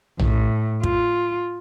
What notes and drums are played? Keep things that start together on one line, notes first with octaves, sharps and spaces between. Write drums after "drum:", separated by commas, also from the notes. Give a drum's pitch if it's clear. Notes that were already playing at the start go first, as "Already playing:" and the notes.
A2, drum: tom A#1
F4, drum: kick